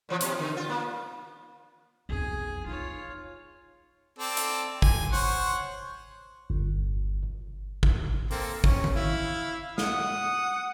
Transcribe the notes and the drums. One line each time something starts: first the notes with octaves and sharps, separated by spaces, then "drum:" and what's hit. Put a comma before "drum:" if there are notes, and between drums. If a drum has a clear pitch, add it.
A#2 E3 F3
B2, drum: hi-hat
D3
F4
A#3
B1 F2 G#4 G#5
D#4 F4 C#5
C4 A4 D5
drum: hi-hat
G#5, drum: kick
C5 C#5 F#5
G1
drum: kick
A#3 C4 A4, drum: open hi-hat
C#4, drum: kick
drum: tom D#3
E4 F5
F#5 D#6, drum: snare